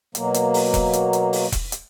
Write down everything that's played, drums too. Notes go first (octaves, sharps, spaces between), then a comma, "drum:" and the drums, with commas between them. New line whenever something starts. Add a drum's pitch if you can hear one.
B2 F#3 A#3, drum: hi-hat
drum: hi-hat
drum: open hi-hat
drum: kick E1, hi-hat
drum: hi-hat
drum: hi-hat
drum: open hi-hat
drum: kick E1, hi-hat
drum: hi-hat